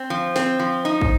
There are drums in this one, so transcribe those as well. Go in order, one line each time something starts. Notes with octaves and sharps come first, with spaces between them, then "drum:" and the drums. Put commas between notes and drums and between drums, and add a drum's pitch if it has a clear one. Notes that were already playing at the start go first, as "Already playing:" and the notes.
Already playing: C4
F3
C4, drum: snare
F3
D#4
drum: kick